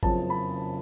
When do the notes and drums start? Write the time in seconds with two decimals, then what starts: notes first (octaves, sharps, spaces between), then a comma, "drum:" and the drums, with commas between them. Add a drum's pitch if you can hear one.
0.03 F#1 F2 C#3 F3 A5, drum: kick G#1
0.30 B5